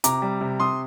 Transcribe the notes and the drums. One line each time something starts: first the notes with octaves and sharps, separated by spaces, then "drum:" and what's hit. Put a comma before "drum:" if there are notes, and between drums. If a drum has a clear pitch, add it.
C3 A#5 D6, drum: hi-hat
G3
C3
C3 C6 D#6